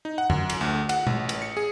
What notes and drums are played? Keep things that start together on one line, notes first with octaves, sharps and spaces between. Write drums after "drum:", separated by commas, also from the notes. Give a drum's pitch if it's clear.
D#4
F#5
F#2, drum: tom F2
drum: cymbal
D2
F#5, drum: cymbal
A1, drum: tom
drum: cymbal
C#7
G#4